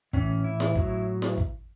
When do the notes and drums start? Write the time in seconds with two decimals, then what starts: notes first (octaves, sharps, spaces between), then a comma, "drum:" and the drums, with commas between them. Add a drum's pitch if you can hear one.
0.13 A2 E3 C#4, drum: kick
0.44 E4
0.60 drum: snare E4
0.75 A2 F#3, drum: kick
1.22 drum: snare E4
1.38 drum: kick